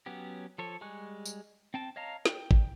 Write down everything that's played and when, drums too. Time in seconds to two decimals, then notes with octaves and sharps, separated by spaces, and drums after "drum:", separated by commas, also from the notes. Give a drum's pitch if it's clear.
0.06 F#3 B3 C#4 G4
0.58 F3 A4 C#5
0.81 G3 G#3 G#5 C#6 F#6
1.25 drum: tambourine
1.74 C4 G5 A5
1.96 C#5 D#5 F5 A5 A#5
2.25 G5, drum: snare
2.51 drum: kick